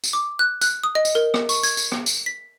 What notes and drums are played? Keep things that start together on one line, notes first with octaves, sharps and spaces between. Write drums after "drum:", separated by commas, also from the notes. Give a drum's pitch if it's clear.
drum: tambourine
D6
F#6
F#6, drum: tambourine
D#6
D#5
drum: tambourine
A#4
drum: rim click
C#6, drum: tambourine
G#6, drum: tambourine
drum: tambourine
drum: rim click
drum: tambourine
B6